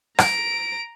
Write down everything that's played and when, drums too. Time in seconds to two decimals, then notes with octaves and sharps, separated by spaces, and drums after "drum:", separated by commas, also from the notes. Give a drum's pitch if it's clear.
0.19 A#5 D7, drum: rim click